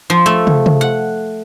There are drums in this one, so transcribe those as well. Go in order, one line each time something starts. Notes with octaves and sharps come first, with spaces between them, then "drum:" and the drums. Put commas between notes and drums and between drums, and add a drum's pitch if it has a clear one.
F3
A3
drum: tom
drum: tom
F#5